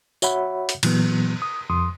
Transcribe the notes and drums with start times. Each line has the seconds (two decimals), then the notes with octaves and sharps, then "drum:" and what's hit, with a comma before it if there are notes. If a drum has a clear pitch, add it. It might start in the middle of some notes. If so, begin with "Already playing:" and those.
0.22 F#4 C#5 E5 F#5 B5, drum: tambourine
0.69 drum: hi-hat
0.83 A#2 E3 F#3 B3, drum: cymbal
1.42 D#6
1.70 F2 C6 D#6